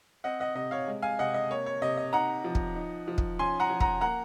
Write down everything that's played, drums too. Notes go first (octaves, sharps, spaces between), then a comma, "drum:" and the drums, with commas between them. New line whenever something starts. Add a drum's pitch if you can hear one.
C4 D#5 F#5
D#5 F#5
C3 D#5
C#5 F5
G#3
F5 G#5
C3 D#5 F#5
D#5
A#3 C#5
C#5
C3 D#5
D#5
D#4 F#5 A#5
F3
drum: kick
D#4
F3
drum: kick
C#4 G#5 C6
F#5 A#5
F3
F#5 A#5, drum: kick
A#3 F#5 A#5